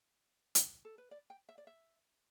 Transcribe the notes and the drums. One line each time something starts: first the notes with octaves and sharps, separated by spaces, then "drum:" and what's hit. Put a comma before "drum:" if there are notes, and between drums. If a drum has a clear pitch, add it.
drum: hi-hat
A4
B4
D5
G5
E5
D5
E5